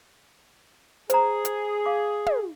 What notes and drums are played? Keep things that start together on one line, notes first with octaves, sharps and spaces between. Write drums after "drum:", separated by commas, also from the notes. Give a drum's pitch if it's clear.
G#4 C5 A#5, drum: hi-hat
drum: hi-hat
F5 D6
drum: tom